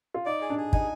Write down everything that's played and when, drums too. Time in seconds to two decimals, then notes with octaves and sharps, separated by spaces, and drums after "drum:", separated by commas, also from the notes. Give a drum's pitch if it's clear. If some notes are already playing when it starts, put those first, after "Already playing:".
0.14 F4
0.26 D#4 D5
0.42 G#4
0.50 D4
0.58 G#4
0.73 D#4 G#5, drum: kick